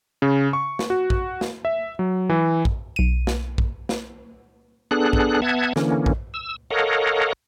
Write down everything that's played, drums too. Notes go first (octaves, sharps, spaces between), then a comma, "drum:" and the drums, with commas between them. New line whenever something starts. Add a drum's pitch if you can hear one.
C#3
C#6
drum: snare
F#4
drum: kick
drum: snare
E5
F#3
E3
drum: kick
B1 D#7
drum: snare
drum: kick
drum: snare
B3 D4 G#4 A4 F#6
drum: kick
B3 E5 F#5 A5 G#6
D3 E3 A#3 C#4, drum: snare
drum: kick
E6
A4 A#4 C#5 D#5 F5 F#5